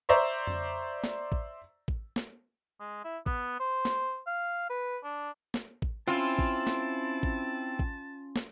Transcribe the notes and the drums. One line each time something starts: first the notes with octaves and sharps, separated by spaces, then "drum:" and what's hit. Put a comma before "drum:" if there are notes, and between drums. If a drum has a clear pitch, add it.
C5 D5 E5 A#5 C#6
drum: tom F2
drum: snare
drum: kick A1
drum: kick A1
drum: snare
G#3
E4
B3, drum: kick A1
C5
drum: snare
F5
B4
D4
drum: snare
drum: kick A1
C4 C#4 E4 F4 A5
drum: kick A1
drum: snare
drum: kick A1
drum: kick A1
drum: snare